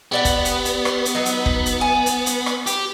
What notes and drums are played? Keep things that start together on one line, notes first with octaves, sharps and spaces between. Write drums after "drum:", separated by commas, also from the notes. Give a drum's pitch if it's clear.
B3 G4 D5 F#5
drum: kick, hi-hat
drum: hi-hat
drum: hi-hat
drum: rim click
drum: hi-hat
F#3 D#4
drum: hi-hat
drum: kick
drum: hi-hat
G#5
drum: hi-hat
drum: hi-hat
drum: rim click
G4, drum: hi-hat